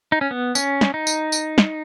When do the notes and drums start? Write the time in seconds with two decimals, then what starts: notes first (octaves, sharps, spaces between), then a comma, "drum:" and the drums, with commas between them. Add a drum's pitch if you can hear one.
0.12 D#4
0.21 C#4
0.31 B3
0.55 C#4, drum: tambourine
0.81 drum: snare
0.94 D#4
1.07 drum: tambourine
1.32 drum: tambourine
1.58 drum: snare